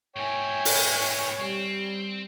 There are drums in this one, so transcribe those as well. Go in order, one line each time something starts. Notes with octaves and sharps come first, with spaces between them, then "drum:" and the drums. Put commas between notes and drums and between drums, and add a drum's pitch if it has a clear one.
G#2 B2 C#5 E5 G5 G#5
drum: open hi-hat
G3 C4